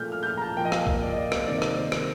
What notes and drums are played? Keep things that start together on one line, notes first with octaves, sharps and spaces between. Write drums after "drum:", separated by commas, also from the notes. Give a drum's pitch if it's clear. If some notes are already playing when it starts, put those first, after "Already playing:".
Already playing: A#2 A3 F6 G6
F6
G6
F6
A#5
A5
A#2 F3 A#3 G5
D#5
F5, drum: rim click
D#5, drum: kick
D5
D#5
D5
C5, drum: rim click
C3 D#3 A#3 D5
D#5
D5, drum: rim click
C5
C5, drum: rim click